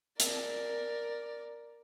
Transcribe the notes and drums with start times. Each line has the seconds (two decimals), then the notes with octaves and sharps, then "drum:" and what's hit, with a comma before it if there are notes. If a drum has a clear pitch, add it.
0.20 A#4 D5, drum: hi-hat